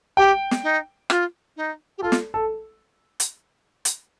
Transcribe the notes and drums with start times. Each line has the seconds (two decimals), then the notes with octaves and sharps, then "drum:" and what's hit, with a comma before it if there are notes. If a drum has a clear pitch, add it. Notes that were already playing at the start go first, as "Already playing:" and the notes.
0.17 G4 G5
0.51 drum: snare
0.63 D#4
1.10 F4, drum: rim click
1.56 D#4
1.98 G4
2.02 F4 A4
2.12 drum: snare
2.34 A4
3.20 drum: hi-hat
3.85 drum: hi-hat